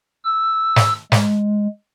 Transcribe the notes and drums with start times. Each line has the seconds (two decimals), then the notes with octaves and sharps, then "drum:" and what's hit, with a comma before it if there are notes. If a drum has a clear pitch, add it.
0.24 E6
0.76 drum: snare
1.12 G#3, drum: snare